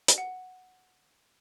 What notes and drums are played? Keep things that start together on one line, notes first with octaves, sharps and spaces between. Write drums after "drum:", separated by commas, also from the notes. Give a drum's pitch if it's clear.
drum: hi-hat
F#5